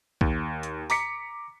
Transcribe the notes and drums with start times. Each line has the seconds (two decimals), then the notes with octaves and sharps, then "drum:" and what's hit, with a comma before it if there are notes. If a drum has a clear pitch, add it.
0.21 D#2, drum: kick B1
0.63 drum: hi-hat
0.90 A#5 D6 B6 C#7, drum: open hi-hat